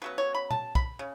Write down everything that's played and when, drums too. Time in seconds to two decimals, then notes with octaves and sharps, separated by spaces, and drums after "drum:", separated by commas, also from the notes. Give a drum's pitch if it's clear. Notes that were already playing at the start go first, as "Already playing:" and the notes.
0.02 C#3 F#3 B3 B4
0.18 C#5
0.35 B5
0.51 A5, drum: tom B2
0.75 B5, drum: kick
0.99 C#3